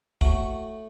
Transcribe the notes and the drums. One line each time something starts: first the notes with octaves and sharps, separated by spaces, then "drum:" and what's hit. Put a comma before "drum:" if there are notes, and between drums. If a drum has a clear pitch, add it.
A2 A3 F#4, drum: kick